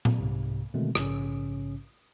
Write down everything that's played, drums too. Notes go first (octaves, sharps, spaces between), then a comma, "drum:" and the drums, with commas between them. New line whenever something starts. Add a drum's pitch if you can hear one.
drum: tom A#2
C2 G#2 C3
B2 D3 D#3 G#3 A3 C4
A#1 G#2 C#3 C#4, drum: rim click